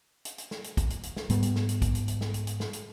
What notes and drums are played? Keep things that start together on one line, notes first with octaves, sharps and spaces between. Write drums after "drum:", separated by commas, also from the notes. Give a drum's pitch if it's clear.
drum: hi-hat
drum: hi-hat
drum: snare
drum: hi-hat
drum: kick, hi-hat
drum: hi-hat
drum: hi-hat
drum: snare
G#2 G3 B3, drum: hi-hat
drum: hi-hat
drum: snare
drum: hi-hat
drum: kick, hi-hat
drum: hi-hat
drum: hi-hat
drum: snare
drum: hi-hat
drum: hi-hat
drum: snare
drum: hi-hat